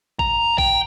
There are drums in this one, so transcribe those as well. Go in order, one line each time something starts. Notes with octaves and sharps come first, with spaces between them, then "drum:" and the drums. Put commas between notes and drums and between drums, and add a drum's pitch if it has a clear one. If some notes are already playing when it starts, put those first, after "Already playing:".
A#5, drum: kick
G5, drum: kick